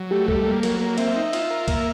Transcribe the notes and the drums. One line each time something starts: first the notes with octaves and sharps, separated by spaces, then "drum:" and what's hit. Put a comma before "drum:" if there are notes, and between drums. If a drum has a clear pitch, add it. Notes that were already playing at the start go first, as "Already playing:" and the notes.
Already playing: F#3
A3 G4
G3 A4, drum: kick
A#3
F#3 A#4, drum: cymbal
A#3 A#4
C4 E5, drum: cymbal
D#4
F4, drum: cymbal
A#4
A#3, drum: kick, cymbal